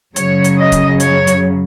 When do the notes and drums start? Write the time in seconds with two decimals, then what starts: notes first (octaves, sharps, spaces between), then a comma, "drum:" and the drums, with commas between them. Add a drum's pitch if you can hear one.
0.16 F#2 C#3 F#3 C#5, drum: hi-hat
0.44 drum: hi-hat
0.58 D#5
0.72 drum: kick, hi-hat
1.00 C#5, drum: hi-hat
1.27 drum: hi-hat